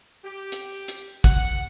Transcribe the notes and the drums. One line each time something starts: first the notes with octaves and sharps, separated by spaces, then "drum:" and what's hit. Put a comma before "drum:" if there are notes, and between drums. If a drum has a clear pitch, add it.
G4
drum: hi-hat
drum: hi-hat
F#5, drum: kick, hi-hat